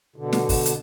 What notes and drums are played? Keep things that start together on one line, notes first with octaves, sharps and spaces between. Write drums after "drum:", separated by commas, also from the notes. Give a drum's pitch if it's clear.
B2 D3
drum: snare
drum: kick, open hi-hat
drum: hi-hat